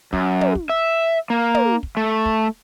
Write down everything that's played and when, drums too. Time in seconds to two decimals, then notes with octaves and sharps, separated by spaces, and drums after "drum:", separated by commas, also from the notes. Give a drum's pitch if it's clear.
0.13 F#2, drum: kick
0.41 drum: tom
0.55 drum: kick
0.70 E5
1.30 A#3
1.55 drum: tom
1.83 drum: kick
1.97 A3
2.25 drum: kick